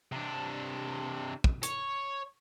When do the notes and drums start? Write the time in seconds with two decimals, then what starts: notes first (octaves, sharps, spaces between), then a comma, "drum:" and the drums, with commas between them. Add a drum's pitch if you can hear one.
0.12 C3 D4
1.44 drum: kick
1.63 C#5, drum: hi-hat